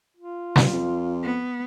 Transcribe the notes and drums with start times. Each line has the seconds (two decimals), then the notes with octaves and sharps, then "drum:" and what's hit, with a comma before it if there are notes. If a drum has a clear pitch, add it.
0.17 F4
0.56 drum: snare
0.73 F2
1.23 B3